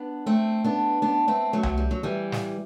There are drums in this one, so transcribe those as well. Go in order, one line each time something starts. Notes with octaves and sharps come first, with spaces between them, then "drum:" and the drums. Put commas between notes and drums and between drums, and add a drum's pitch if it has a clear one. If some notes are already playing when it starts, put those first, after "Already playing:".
Already playing: B3 D4
A3 C4
B3 D4
B3 D4
A3 C4
F#3 A3
drum: tom C2
G3
F#3
E3 G3
drum: snare